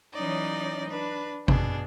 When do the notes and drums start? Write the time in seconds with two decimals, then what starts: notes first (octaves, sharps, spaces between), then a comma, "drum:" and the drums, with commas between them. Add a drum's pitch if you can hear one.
0.13 E3 F#3 C#4 D#4 D5 D#5
0.90 D4 B4
1.48 B2 D4 G#4, drum: kick